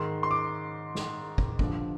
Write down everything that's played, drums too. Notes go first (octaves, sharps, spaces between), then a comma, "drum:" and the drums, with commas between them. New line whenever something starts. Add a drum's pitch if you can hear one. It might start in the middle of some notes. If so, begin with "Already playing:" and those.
Already playing: G#2 D#3 C6
C6
D6
drum: snare
drum: kick
G2 D3 F3, drum: kick